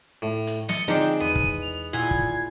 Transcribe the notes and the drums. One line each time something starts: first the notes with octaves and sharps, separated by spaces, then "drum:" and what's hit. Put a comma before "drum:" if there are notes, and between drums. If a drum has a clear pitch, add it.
A2
drum: hi-hat
D#5 A6 C#7, drum: snare
D3 F3 G#3 C4 D4 D#4 G5 E7
E2 B3 D#7
drum: kick
F7
A#2 E4 F#5 G#5 C6 G#6
drum: kick